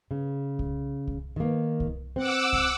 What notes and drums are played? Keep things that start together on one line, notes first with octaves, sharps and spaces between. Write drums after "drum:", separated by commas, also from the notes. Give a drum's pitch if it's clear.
C#3
drum: kick C2
drum: kick C2
D#3 A#3
drum: kick C2
C4 F#5 D6 E6
drum: kick C2